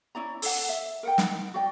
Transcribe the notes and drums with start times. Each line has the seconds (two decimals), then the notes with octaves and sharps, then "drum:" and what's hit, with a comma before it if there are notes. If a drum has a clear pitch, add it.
0.15 C#4 E4 D5 A#5
0.42 A4 F#5, drum: open hi-hat
0.69 E5
1.03 A#4 F#5 G5
1.18 D#4 E4 F#5, drum: snare
1.54 F#4 D5 G5